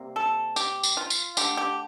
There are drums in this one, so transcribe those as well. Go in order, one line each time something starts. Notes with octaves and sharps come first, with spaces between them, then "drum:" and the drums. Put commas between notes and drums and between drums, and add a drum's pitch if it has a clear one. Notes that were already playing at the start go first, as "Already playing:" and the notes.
Already playing: C3 G3 A#3
A4
G4, drum: tambourine
drum: tambourine
F4
drum: tambourine
D3 A3 G4, drum: tambourine
G4